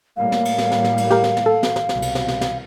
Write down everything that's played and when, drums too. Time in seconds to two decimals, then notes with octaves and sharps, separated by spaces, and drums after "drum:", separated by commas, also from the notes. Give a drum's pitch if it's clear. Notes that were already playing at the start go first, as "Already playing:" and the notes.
0.17 A2 G3 A#3 F5
0.32 drum: snare
0.45 drum: cymbal
0.58 drum: snare
0.71 drum: snare
0.84 drum: snare
0.98 drum: cymbal
1.11 G4 A#4, drum: snare
1.24 drum: snare
1.37 drum: snare
1.46 A4
1.63 drum: snare
1.76 drum: snare
1.89 C2 B2, drum: snare
2.02 drum: cymbal
2.15 drum: snare
2.28 drum: snare
2.41 drum: snare